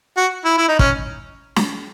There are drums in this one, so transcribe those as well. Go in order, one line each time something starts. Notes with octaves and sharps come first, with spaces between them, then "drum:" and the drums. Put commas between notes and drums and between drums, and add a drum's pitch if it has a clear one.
F#4
E4
E4
D#4
C#4, drum: kick
drum: snare